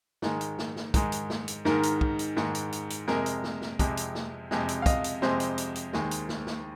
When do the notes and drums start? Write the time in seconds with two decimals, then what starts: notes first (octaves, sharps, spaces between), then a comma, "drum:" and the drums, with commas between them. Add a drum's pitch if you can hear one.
0.22 G#2 D#3 G#3, drum: snare
0.41 drum: hi-hat
0.59 drum: snare
0.76 drum: snare
0.94 G#2 D#3 G#3, drum: kick, hi-hat
1.12 drum: hi-hat
1.30 drum: snare
1.48 drum: hi-hat
1.65 G#2 D#3 G#3 A#4, drum: snare
1.83 drum: hi-hat
2.01 drum: kick
2.19 drum: hi-hat
2.37 G#2 D#3 G#3, drum: snare
2.55 drum: hi-hat
2.72 drum: hi-hat
2.90 drum: hi-hat
3.08 F2 C3 G#3 A#4, drum: snare
3.26 drum: hi-hat
3.44 drum: snare
3.62 drum: snare
3.79 F2 C3 G#3, drum: kick, hi-hat
3.97 drum: hi-hat
4.15 drum: snare
4.51 F2 C3 G#3, drum: snare
4.69 drum: hi-hat
4.82 F5
4.86 D#5, drum: kick, hi-hat
5.04 drum: hi-hat
5.22 F2 C3 G#3 C5, drum: snare
5.40 drum: hi-hat
5.58 drum: hi-hat
5.75 drum: hi-hat
5.93 D#2 D#3 G#3, drum: snare
6.11 drum: hi-hat
6.29 drum: snare
6.47 drum: snare